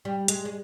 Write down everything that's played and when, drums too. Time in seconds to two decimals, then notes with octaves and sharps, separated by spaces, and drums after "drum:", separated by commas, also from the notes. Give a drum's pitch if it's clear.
0.05 G3
0.28 G#3, drum: hi-hat
0.45 G#3